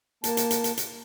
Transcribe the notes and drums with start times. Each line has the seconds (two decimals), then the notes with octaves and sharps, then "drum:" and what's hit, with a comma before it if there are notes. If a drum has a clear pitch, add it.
0.24 A#3 A5, drum: hi-hat
0.37 drum: hi-hat
0.51 drum: hi-hat
0.64 drum: hi-hat
0.77 drum: hi-hat